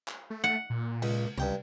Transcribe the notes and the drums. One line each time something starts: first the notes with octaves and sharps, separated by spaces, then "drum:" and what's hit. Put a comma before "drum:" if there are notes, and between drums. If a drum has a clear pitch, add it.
drum: clap
A3
F#5
A#2
C#2, drum: cymbal
C#2 G2 G5 A#5, drum: tom C3